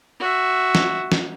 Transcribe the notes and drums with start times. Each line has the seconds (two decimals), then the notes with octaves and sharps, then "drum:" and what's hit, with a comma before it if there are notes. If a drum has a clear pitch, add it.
0.19 F#4 E5
0.75 drum: snare
1.12 drum: snare